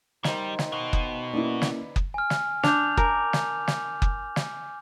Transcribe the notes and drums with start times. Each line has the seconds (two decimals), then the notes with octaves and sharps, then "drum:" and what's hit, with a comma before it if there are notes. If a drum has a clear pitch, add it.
0.24 D#3 G3 C5, drum: snare
0.59 drum: snare
0.72 B2 F5 C6
0.93 drum: kick F#1
1.33 A#3 C#4 E4 B4 D5
1.62 drum: snare
1.96 drum: kick F#1
2.14 G#5 F6
2.30 drum: snare
2.63 D4 G6 F7, drum: snare
2.97 A#4 G#5 D6, drum: kick F#1
3.33 drum: snare
3.67 drum: snare
4.02 drum: kick F#1
4.36 drum: snare